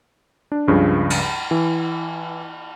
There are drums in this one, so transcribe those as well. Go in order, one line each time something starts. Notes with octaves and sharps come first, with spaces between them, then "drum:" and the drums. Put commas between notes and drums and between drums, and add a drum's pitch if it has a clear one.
D4
C#2 G2 C#3 F3
drum: cymbal
E3